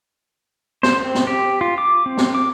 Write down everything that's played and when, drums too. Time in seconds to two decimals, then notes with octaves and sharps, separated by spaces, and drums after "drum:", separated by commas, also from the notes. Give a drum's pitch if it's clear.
0.83 C5, drum: snare
1.01 C4
1.15 drum: snare
1.27 G4
1.61 F4
1.78 D6
2.06 C4
2.17 drum: snare
2.35 D6